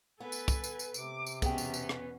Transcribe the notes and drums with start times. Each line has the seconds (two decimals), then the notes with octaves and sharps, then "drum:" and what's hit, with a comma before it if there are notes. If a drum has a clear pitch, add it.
0.20 B3 A4 B4 G#5
0.32 drum: tambourine
0.48 drum: kick, tambourine
0.64 drum: tambourine
0.79 drum: tambourine
0.94 C3 D6, drum: tambourine
1.26 drum: tambourine
1.42 E2 B2 B3 C#4 G#4 G5, drum: kick, tambourine
1.58 drum: tambourine
1.74 drum: tambourine
1.89 drum: rim click